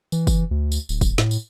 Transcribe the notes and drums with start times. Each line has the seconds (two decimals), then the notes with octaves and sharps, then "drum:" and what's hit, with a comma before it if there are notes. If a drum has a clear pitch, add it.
0.12 E3, drum: tambourine
0.27 drum: kick, tambourine
0.51 D2
0.72 drum: tambourine
0.89 D1, drum: tambourine
1.01 drum: kick, tambourine
1.18 A2, drum: snare
1.31 drum: tambourine